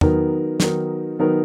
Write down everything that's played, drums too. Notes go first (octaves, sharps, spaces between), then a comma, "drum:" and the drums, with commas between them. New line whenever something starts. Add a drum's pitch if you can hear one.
D#3 F#3 B3 D#4 A#4, drum: tom E2
D#3 F#3 B3 D#4 A#4, drum: snare
D#3 F#3 B3 D#4 A#4